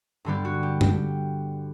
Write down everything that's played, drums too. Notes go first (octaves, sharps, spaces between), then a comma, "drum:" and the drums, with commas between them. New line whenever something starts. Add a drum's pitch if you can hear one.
G2 D3 G3 B3 G4
F#4
G4
G4, drum: tom